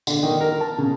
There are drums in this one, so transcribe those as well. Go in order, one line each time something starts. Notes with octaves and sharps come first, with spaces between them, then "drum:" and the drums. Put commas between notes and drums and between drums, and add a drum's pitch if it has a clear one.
D3, drum: tambourine
D#3
A#4
A5
C#3